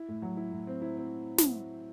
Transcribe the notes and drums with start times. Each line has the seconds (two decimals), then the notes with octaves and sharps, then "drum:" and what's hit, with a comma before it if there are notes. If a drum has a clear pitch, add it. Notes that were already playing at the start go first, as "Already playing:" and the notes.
Already playing: E4
0.08 A2
0.22 F#3
0.37 E4
0.52 A2
0.67 C4
0.82 E4
0.97 C4
1.38 drum: snare